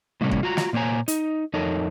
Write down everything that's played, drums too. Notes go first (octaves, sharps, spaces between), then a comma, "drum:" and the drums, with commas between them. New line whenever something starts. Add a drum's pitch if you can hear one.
A2 C3 G3 A#3 B3 C#4
drum: kick
F4 F#4 A#5
drum: snare
A#2 A#3 C5 C#5 G#5 A#5
D#4, drum: hi-hat
F2 D#4 A4 A#4 C#5